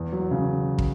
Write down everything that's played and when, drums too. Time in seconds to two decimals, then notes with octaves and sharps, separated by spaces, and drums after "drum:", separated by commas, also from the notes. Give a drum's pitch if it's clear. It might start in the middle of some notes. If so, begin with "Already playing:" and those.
Already playing: E2
0.12 F#3
0.31 C#3
0.79 drum: kick